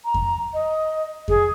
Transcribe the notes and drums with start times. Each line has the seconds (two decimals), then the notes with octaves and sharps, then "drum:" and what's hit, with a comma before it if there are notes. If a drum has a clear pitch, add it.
0.04 A#5
0.14 drum: kick F2
0.53 D#5
1.28 G#4, drum: kick F2